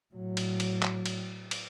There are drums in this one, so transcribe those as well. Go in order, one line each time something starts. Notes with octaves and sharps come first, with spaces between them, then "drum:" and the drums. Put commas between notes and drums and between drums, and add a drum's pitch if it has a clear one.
A2 F#3
drum: cymbal
drum: cymbal
drum: clap
drum: cymbal
drum: cymbal